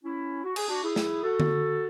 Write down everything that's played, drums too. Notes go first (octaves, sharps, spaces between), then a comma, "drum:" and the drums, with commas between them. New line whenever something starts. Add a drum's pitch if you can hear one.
C#4 E4
F#4
G#4, drum: cymbal
D4 F#4
E4 G#4
drum: snare
F#4 A4
drum: tom D3